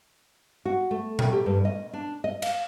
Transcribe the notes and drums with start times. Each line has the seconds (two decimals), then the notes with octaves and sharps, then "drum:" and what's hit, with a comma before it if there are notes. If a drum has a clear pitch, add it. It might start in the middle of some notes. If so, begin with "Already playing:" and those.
0.65 F#4
0.91 A3
1.19 G5, drum: tom A#2
1.33 G4
1.46 G2
1.65 D#5
1.93 D4
2.24 D#5
2.42 F5, drum: cymbal